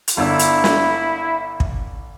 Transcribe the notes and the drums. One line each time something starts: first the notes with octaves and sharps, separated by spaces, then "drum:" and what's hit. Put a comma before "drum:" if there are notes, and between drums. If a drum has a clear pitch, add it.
drum: hi-hat
G1 D4 E4 E6
drum: hi-hat
drum: snare
drum: kick